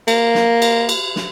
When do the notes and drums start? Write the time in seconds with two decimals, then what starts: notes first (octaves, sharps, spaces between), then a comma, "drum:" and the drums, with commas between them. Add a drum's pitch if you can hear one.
0.08 A#3, drum: cymbal
0.35 drum: snare
0.62 drum: cymbal
0.89 drum: cymbal
1.16 drum: snare